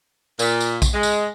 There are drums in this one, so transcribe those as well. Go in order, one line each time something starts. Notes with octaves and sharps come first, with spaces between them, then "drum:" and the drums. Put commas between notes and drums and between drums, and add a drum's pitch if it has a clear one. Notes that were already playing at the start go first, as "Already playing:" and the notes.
A#2, drum: tambourine
drum: tambourine
drum: kick A#1, tambourine
G#3
drum: tambourine